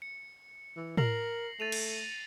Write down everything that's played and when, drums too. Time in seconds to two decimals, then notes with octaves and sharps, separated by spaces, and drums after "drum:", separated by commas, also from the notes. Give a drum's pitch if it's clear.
0.02 C#7
0.76 E3
0.97 A#4 A#6 C7 F#7, drum: tom A2
1.60 A3 A6 D#7 F7
1.72 drum: cymbal